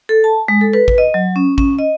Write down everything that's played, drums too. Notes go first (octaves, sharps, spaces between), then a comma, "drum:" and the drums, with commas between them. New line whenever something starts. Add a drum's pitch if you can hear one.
A4
A5
G#3
A4
B4
drum: kick
D#5
F#3
C#4
C#4, drum: kick
D#5